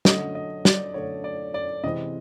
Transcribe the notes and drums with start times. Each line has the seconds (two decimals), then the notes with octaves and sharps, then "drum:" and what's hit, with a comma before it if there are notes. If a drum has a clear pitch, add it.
0.05 D3 F#3 A3 C#4 D#5, drum: snare
0.35 D#5
0.65 D5, drum: snare
0.94 D3 F#3 A3 C#4 C#5
1.24 D5
1.54 D5
1.83 C3 E3 G#3 C4 D#5